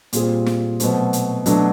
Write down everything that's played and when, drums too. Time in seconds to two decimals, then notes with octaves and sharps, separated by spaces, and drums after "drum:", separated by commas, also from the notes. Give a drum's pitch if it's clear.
0.13 A#2 G3 C4 F4 G#4, drum: hi-hat
0.46 drum: snare
0.80 B2 F#3 A3 C4, drum: hi-hat
1.13 drum: hi-hat
1.46 B2 F#3 A3 D4, drum: hi-hat